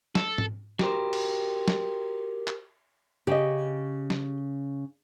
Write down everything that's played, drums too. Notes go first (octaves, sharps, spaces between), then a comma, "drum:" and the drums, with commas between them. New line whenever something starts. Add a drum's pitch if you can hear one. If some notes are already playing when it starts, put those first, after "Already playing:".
A4, drum: snare
drum: tom G#2
F#4 G4 A#4 C5, drum: snare
drum: cymbal
drum: snare
drum: clap
C#3 G4 D#5
drum: snare